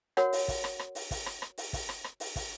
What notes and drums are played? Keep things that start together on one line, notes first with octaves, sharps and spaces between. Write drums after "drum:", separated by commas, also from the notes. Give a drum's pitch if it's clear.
F#4 A#4 C#5 F#5, drum: rim click
drum: open hi-hat
drum: kick, open hi-hat
drum: rim click
drum: rim click
drum: open hi-hat
drum: kick, open hi-hat
drum: rim click
drum: rim click
drum: open hi-hat
drum: kick, open hi-hat
drum: rim click
drum: rim click
drum: open hi-hat
drum: kick, open hi-hat